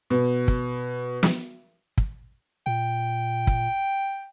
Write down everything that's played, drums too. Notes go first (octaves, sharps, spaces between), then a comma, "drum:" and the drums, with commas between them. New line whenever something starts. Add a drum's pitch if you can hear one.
B2
drum: kick
drum: snare
drum: kick
A#2 G5
drum: kick